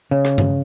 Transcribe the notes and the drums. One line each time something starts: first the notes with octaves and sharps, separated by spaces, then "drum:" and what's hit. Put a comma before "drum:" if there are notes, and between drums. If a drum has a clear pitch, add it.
C#3
drum: rim click
drum: tom G2